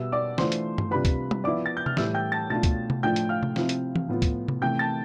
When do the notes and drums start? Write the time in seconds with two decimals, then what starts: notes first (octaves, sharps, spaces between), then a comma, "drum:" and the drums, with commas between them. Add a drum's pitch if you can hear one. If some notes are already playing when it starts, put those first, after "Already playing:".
Already playing: B2 G3 B3 E5 E6
0.12 D5 D6
0.38 E3 A3 D4 F4 C5 C6, drum: snare
0.52 drum: hi-hat
0.78 drum: tom G2
0.91 C3 G3 D4 F4 B4 B5
1.05 drum: kick, hi-hat
1.31 drum: tom G3
1.44 F3 B3 E4 D5 D6
1.66 A6
1.77 G6
1.86 F6, drum: tom C3
1.97 A2 E3 G3 E5 E6, drum: snare
2.14 G5 G6
2.32 A5 A6
2.50 B2 A3 D4 F4 A5 A6
2.63 drum: kick, hi-hat
2.90 drum: tom C3
3.03 A2 F3 A3 D4 F4 G5 G6
3.16 drum: hi-hat
3.29 F5 F6
3.43 drum: tom C3
3.56 C3 F3 C4 E4, drum: snare
3.69 drum: hi-hat
3.96 drum: tom E3
4.08 A2 F3 B3 F4
4.22 drum: kick, hi-hat
4.48 drum: tom C3
4.61 C3 E3 A3 G5 G6
4.79 A5 A6